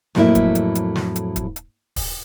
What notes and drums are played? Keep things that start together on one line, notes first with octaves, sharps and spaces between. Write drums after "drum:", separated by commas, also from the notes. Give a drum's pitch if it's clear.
F2 A2 F#3 A#3 E4 E5, drum: snare
drum: kick, hi-hat
drum: hi-hat
drum: hi-hat
drum: snare
drum: hi-hat
drum: kick, hi-hat
drum: hi-hat
drum: kick, open hi-hat